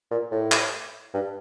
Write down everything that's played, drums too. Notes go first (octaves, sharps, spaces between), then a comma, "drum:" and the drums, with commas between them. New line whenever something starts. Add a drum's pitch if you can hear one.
A#2
A2
drum: clap
G2